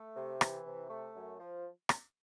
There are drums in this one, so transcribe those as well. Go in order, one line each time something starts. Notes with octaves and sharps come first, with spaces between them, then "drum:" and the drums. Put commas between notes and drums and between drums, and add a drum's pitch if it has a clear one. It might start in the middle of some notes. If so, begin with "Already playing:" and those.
Already playing: A3
C3
E3, drum: rim click
C3
A3
F#2
F3
drum: rim click